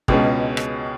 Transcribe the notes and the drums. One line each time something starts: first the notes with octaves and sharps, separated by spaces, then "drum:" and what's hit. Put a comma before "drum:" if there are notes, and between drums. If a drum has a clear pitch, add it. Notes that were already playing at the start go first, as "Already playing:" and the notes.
C#2 B2 G#3 C#4, drum: kick
drum: rim click